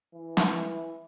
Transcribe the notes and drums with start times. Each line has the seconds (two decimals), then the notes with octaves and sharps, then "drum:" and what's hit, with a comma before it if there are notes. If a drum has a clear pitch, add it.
0.14 E3
0.37 drum: snare